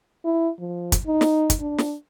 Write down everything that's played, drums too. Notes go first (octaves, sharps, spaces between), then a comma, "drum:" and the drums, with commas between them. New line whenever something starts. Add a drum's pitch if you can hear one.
E4
F3
drum: kick, hi-hat
D#4
drum: snare
drum: kick, hi-hat
D4
drum: snare